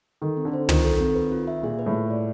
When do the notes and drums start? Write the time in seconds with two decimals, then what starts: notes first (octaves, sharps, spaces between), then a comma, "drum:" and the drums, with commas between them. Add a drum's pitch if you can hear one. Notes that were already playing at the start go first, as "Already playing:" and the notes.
0.22 D#3 A4
0.37 C4
0.45 D3
0.53 C5
0.69 D#3 F4, drum: tom
0.84 A4
1.00 C4
1.15 B4
1.32 F4
1.48 E5
1.63 A#2 G#4
1.79 B4
1.86 A2
1.94 F4
2.10 D5